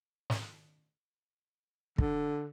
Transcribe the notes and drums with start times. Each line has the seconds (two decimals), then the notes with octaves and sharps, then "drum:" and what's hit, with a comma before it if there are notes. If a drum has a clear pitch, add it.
0.30 drum: snare
1.98 D3, drum: kick